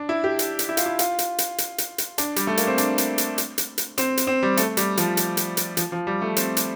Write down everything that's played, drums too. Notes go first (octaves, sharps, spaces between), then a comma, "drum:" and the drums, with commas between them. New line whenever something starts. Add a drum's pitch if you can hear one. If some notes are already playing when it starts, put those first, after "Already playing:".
Already playing: D4
E4
G4
drum: hi-hat
drum: hi-hat
E4
F4, drum: hi-hat
E4
F4, drum: hi-hat
drum: hi-hat
drum: hi-hat
drum: hi-hat
drum: hi-hat
drum: hi-hat
D4, drum: hi-hat
G3, drum: hi-hat
A3
A#3, drum: hi-hat
C4
D4, drum: hi-hat
drum: hi-hat
drum: hi-hat
drum: hi-hat
drum: hi-hat
drum: hi-hat
C4, drum: hi-hat
drum: hi-hat
C4
G3
A3, drum: hi-hat
G3, drum: hi-hat
F3, drum: hi-hat
drum: hi-hat
drum: hi-hat
drum: hi-hat
F3, drum: hi-hat
F3
G3
A3
C4, drum: hi-hat
drum: hi-hat